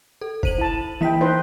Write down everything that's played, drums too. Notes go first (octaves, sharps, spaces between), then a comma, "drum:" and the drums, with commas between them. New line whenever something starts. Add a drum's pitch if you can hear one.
A4
C5 D#7 F#7, drum: kick
E4 A5
E3 A#3 E4 G5 B6
D#4 B4 C5